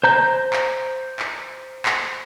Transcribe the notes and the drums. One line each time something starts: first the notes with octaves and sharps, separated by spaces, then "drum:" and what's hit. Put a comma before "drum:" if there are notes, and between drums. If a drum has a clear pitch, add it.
C5 A#5 G6
drum: clap
drum: clap
drum: clap